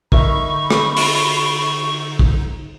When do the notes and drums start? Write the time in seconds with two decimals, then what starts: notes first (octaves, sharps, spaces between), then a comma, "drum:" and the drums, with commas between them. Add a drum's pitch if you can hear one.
0.12 D3 D#4 A#4 D#5 E5 B5 C#6, drum: kick
0.71 drum: rim click
0.97 drum: open hi-hat
2.19 drum: kick